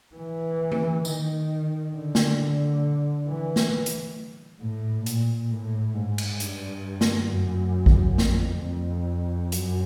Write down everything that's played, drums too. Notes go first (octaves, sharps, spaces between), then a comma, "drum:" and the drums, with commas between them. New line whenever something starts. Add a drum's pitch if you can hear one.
E3
drum: tom E3
D#3, drum: tambourine
D3
drum: snare
E3
drum: snare
drum: hi-hat
A2
A#2, drum: hi-hat
A2
G#2
drum: cymbal
G2, drum: hi-hat
drum: snare
F#2
drum: kick A1
F2, drum: snare
F2
F#2, drum: hi-hat